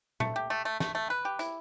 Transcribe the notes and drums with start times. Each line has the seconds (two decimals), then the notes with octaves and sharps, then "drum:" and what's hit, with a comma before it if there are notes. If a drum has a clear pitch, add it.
0.20 A3, drum: tom A#2
0.36 G4
0.50 A3
0.65 A3
0.80 A3, drum: snare
0.95 A3
1.10 B4
1.25 G4
1.39 E4, drum: hi-hat